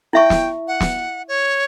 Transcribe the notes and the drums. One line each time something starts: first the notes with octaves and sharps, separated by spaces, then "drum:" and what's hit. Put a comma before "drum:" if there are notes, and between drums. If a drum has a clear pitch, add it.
E4 E5 G5 C#6
drum: snare
F#5
drum: snare
C#5